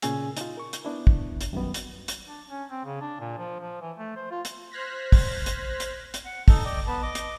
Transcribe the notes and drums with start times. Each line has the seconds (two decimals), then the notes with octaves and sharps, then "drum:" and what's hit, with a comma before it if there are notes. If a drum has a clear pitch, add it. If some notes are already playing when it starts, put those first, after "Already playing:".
0.02 A#2 C#3 C#4 G#4 G#5 E6, drum: hi-hat
0.37 D#4 F4, drum: hi-hat
0.57 A#4 C#6
0.73 drum: hi-hat
0.85 B3 D4 E4
1.07 drum: kick
1.41 drum: hi-hat
1.53 F#2 D#3 G3 B3
1.74 drum: hi-hat
2.08 drum: hi-hat
2.27 D4
2.49 C#4
2.71 C4
2.85 C#3
3.01 D4
3.20 A#2
3.38 F3
3.60 F3
3.81 E3
3.98 A3
4.16 C5
4.31 F4
4.45 drum: hi-hat
4.71 C5 F6 F#6 G#6 A#6 B6
5.12 drum: kick, open hi-hat
5.46 drum: hi-hat
5.80 drum: hi-hat
6.14 drum: hi-hat
6.25 F#5
6.48 D#4 A4, drum: kick, open hi-hat
6.65 D5 D#5 G5
6.87 B3 B4 A5
7.02 D#5 D6
7.15 drum: hi-hat